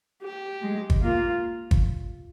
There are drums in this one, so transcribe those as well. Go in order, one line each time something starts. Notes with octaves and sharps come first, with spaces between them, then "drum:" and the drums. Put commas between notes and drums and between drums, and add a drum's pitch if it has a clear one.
G4
G#3
drum: kick
A#3 F4
drum: kick